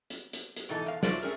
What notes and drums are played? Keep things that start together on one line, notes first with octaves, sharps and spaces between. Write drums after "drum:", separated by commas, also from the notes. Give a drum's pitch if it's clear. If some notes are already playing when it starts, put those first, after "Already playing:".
drum: hi-hat
drum: hi-hat
drum: hi-hat
G#2 B2 E3 D#4 A4 A5
E2 F5
F#3 A3 F4 C5 D5, drum: snare
A3 C4 C#4 G#4 A#4